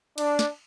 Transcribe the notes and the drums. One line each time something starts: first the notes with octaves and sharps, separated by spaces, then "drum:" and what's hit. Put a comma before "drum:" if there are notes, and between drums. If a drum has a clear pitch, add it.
D4, drum: cymbal
drum: snare